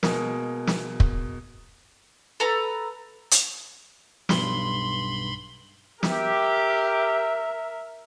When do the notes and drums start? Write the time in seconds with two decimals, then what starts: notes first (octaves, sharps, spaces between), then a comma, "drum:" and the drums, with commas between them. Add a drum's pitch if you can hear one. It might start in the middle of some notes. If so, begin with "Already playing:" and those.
0.03 B2 G#3 A#3, drum: snare
0.67 drum: snare
1.00 drum: kick
2.40 A4 B4 A#5 B5
3.31 drum: hi-hat
4.29 B1 G2 B5 C6, drum: snare
6.03 G4 A#4 E5, drum: snare